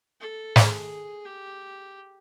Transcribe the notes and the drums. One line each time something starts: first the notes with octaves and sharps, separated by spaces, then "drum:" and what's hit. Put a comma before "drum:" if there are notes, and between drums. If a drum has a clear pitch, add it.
A4
G#4, drum: snare
G4